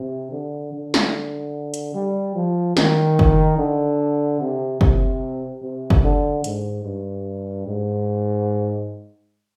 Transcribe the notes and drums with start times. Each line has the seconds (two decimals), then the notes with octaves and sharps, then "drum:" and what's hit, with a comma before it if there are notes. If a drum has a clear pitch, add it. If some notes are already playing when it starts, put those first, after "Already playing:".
Already playing: C3
0.31 D3
0.72 D3
0.94 drum: snare
1.74 drum: hi-hat
1.94 G3
2.35 F3
2.77 D#3, drum: snare
3.19 drum: kick
3.58 D3
4.40 C3
4.81 C3, drum: kick
5.62 C3
5.90 drum: kick
6.03 D3
6.44 G#2, drum: hi-hat
6.84 G2
7.66 G#2